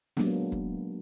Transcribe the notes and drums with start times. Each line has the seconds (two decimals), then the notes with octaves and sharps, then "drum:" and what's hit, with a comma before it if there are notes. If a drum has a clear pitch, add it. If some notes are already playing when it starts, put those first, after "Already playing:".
0.17 F#3 G#3 A#3 B3 D4, drum: snare
0.52 drum: kick